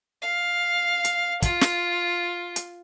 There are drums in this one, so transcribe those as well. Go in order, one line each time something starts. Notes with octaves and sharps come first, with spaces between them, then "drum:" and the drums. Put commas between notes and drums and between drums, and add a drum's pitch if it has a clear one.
F5
drum: hi-hat
F4, drum: kick, hi-hat
drum: snare
drum: hi-hat